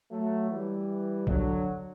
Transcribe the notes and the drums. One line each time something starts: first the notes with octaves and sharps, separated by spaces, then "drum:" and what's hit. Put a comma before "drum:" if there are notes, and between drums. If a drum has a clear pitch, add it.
F#3 A3
E3 G3
D3 F#3, drum: kick B1